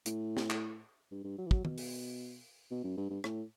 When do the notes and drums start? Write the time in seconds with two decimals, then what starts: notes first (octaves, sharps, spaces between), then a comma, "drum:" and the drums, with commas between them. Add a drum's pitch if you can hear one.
0.06 A2, drum: hi-hat
0.37 drum: snare
0.50 drum: clap
1.11 G2
1.24 G2
1.38 F#3
1.46 E3
1.51 F#3, drum: kick
1.65 B2, drum: tom
1.78 drum: open hi-hat
2.71 B2
2.84 F#2
2.97 G2
3.10 G2
3.24 A2, drum: rim click